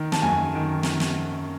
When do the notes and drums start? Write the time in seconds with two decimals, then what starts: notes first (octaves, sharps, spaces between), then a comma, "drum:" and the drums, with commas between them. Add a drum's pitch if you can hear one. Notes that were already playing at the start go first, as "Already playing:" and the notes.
Already playing: D#3
0.12 A5, drum: snare
0.22 F#2 G#5
0.55 D#3
0.83 drum: snare
1.00 drum: snare